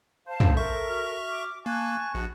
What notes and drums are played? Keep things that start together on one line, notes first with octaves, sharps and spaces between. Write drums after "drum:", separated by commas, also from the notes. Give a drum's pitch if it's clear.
C5 F5 A5
drum: tom
A4 A#4 E5 C#6
F#4 F6
D6
A#3 G#5 A5 C#6 F#6
A#1 F3 D4 F#4